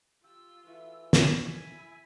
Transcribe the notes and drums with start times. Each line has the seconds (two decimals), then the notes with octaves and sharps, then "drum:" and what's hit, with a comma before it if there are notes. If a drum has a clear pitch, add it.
0.24 F3 F4 G4 E6
0.66 E3 A3 F#4 E5
1.13 drum: snare
1.45 E4 G#5 B6